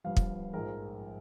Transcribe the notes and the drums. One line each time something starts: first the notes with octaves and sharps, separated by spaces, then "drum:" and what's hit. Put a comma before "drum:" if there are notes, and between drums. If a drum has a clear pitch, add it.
G1 G2 F3 F5
drum: kick
A#1 G#2 F3 G#3 A#4